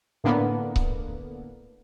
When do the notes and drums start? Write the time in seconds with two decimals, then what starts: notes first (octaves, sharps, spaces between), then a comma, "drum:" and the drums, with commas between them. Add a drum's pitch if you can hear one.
0.24 A2 D3 A#3 B3
0.76 drum: kick C#1